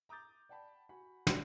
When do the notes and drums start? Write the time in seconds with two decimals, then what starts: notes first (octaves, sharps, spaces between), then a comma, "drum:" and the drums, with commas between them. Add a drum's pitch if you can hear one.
0.09 A#5 D6 D#6 G6 A6
0.49 D5 F#5 G5 A5 B5
0.89 F#4 F#5 G#5 B5
1.27 drum: snare